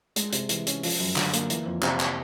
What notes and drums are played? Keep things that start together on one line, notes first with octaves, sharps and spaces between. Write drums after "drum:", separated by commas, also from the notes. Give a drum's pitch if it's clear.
G#3, drum: hi-hat
C3, drum: hi-hat
E3, drum: hi-hat
C#4, drum: hi-hat
F3, drum: open hi-hat
F#2
D3, drum: clap
A#3, drum: hi-hat
E3, drum: hi-hat
F2
C3, drum: clap
drum: clap